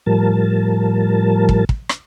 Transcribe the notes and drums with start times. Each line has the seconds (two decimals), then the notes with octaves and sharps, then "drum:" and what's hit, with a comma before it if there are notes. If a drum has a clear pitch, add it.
0.06 A2 F3 G3 A#4 A5
1.49 drum: kick
1.69 drum: kick
1.89 drum: rim click